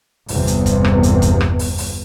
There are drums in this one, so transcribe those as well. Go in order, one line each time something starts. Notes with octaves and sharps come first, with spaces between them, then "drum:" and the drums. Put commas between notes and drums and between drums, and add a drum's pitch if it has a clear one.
G1 E2 C3, drum: open hi-hat
drum: hi-hat
drum: kick C#1, hi-hat
drum: rim click
drum: hi-hat
drum: kick C#1, hi-hat
drum: rim click
drum: open hi-hat
drum: open hi-hat